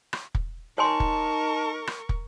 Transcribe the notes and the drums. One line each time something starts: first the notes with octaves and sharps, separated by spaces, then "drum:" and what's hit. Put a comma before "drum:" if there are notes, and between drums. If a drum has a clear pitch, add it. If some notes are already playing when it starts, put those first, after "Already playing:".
drum: rim click
drum: kick
D#4 A#4 C#5 G#5 A5 C6 C#6
drum: kick
drum: rim click
drum: kick